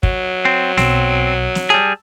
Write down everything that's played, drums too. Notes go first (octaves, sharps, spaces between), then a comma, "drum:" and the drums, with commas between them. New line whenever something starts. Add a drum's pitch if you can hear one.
F#3, drum: kick
C4
B1 B2 C4, drum: snare
drum: snare
G3 G#4 A5 E6